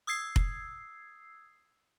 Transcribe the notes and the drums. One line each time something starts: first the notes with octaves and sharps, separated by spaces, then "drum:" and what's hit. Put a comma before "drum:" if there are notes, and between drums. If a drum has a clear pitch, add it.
D#6 E6 G#6 C7
drum: kick F1